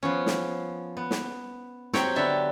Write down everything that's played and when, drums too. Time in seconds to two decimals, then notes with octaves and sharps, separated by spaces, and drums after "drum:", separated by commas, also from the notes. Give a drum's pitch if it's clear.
0.03 F3 B3 C#4
0.26 drum: snare
0.97 B3
1.11 drum: snare
1.93 F#3 C4 G4 C#5 G5, drum: snare
2.16 D3 B3 E5 A5